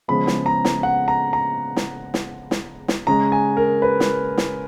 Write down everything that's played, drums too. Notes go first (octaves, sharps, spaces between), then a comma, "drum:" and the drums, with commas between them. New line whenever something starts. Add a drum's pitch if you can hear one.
C#3 F3 G#3 B3 B5
drum: snare
A#5
drum: snare
F#5
A#5
A#5
drum: snare
drum: snare
drum: snare
drum: snare
C#3 G#3 C#4 A#5
G#5
A#4
B4
drum: snare
drum: snare